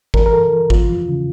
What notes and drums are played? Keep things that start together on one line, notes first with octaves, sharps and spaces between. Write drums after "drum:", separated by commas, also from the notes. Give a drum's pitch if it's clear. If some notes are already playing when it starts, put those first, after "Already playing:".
E3 A#4, drum: kick G#1
A#4
G2 A4
E3
E2 F4, drum: kick G#1
F3
C#3